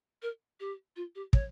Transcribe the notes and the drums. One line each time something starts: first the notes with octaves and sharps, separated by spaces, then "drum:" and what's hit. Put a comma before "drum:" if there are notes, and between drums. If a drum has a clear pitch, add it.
A#4
G4
F4
G4
C#5, drum: kick